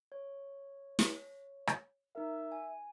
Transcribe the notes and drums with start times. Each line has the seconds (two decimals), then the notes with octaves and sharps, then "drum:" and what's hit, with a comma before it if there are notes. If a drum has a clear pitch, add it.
0.12 C#5
0.99 drum: snare
1.67 drum: rim click
2.15 D#4 A#4 E5
2.52 G#5